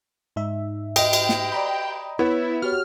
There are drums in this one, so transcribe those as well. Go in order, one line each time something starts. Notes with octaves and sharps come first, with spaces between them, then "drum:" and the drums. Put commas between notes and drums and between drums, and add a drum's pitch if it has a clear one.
G#2 D#4 E5
D#5 G5, drum: cymbal
drum: cymbal
drum: snare
D5 A#5 B5
B3 E4 C#5
F#4 G4 C#5 F6